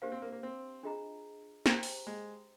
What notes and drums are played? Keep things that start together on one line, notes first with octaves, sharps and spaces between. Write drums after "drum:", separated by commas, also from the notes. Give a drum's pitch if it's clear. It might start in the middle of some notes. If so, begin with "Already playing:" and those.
A#3 D4 G4 C5 F5
C4
A#3
A#3
C4
D4 F4 G#4 D#5 A#5
A#3 G4 C5 G5 A#5, drum: snare
drum: open hi-hat
G#3